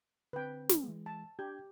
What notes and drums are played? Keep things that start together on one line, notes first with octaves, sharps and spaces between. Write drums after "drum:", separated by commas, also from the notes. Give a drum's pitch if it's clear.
D3 C4 B4 G5
drum: snare
E3 G#3
A5
D4 G4 G6 G#6